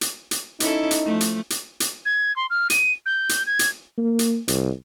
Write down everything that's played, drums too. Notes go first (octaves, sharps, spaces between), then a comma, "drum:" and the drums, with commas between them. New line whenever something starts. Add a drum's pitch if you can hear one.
drum: hi-hat
drum: hi-hat
C#4 D#4 E4 A4, drum: hi-hat
drum: hi-hat
F3 A3
drum: hi-hat
drum: hi-hat
drum: hi-hat
G#6
C6
F6
D#7, drum: hi-hat
G6
drum: hi-hat
G#6
drum: hi-hat
A#3
drum: hi-hat
C2, drum: hi-hat